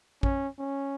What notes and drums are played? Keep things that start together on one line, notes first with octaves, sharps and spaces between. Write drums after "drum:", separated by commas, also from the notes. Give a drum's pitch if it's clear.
C#4, drum: kick A1
C#4